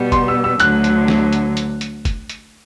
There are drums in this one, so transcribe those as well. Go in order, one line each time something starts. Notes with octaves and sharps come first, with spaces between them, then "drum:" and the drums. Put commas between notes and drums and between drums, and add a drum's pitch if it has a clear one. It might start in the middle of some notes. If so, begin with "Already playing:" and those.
Already playing: B2 G3 B3
C6, drum: kick, hi-hat
E6
E6
D2 D3 F#3 F#6, drum: hi-hat
drum: hi-hat
drum: snare
drum: hi-hat
drum: hi-hat
drum: hi-hat
drum: kick, hi-hat
drum: hi-hat